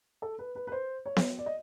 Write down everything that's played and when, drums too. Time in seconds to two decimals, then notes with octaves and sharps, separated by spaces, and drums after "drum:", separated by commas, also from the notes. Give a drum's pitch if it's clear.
0.22 A4
0.39 B4
0.55 B4
0.67 B4
0.72 C5
1.06 C#5
1.16 drum: snare B3
1.39 D5
1.46 D#5